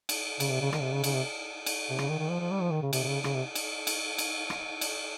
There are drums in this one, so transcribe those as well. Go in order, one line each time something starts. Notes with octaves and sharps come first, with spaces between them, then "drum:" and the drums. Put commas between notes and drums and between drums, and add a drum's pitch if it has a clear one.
drum: cymbal
C#3, drum: cymbal
C3
C#3
D#3, drum: rim click
C3
C#3
C#3, drum: cymbal
C3
drum: cymbal
C3
C#3, drum: rim click
D#3
D#3
F3
F3
G3
F3
D#3
C#3
C3, drum: cymbal
C3
C#3
C#3, drum: rim click
C3
drum: cymbal
drum: cymbal
drum: cymbal
drum: rim click
drum: cymbal